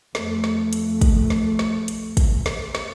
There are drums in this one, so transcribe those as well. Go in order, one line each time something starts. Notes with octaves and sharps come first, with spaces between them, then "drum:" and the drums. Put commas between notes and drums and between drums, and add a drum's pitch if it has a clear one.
F2 A3, drum: snare
drum: snare
drum: hi-hat
drum: kick, hi-hat
drum: snare
drum: snare
drum: hi-hat
drum: kick, hi-hat
drum: snare
drum: snare